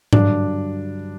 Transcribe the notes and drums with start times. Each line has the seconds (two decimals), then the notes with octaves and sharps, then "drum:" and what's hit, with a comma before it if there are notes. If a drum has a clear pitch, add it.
0.13 G2 D3 F#3 D4, drum: tom G#2